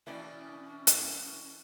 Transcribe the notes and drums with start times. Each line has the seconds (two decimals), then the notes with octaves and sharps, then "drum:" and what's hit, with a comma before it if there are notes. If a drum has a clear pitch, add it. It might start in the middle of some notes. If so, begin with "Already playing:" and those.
0.07 B2 E3 C#4 D4 E4 D5 G5
0.87 drum: hi-hat